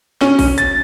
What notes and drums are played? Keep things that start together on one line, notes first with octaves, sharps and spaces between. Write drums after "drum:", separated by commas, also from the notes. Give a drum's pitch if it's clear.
C#4, drum: snare
drum: kick A1, open hi-hat
A6, drum: hi-hat